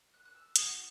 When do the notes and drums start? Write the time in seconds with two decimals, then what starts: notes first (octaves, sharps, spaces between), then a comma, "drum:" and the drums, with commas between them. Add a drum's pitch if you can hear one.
0.14 F#6
0.25 F#6
0.35 E6
0.56 C4 D#4 F#4 D#6, drum: hi-hat